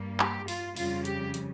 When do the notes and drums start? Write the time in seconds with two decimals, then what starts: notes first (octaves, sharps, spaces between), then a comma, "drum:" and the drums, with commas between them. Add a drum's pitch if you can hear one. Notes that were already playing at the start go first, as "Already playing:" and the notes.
Already playing: G2 G3 A#3
0.20 G4, drum: clap
0.48 F4, drum: open hi-hat
0.76 F2 C#3 G3 F4, drum: open hi-hat
1.05 G4, drum: hi-hat
1.34 drum: hi-hat